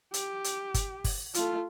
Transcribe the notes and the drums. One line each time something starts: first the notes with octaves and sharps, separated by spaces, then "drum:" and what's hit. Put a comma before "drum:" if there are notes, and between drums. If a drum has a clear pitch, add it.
G4, drum: hi-hat
drum: hi-hat
drum: kick G1, hi-hat
drum: kick G1, open hi-hat
A3 F4, drum: hi-hat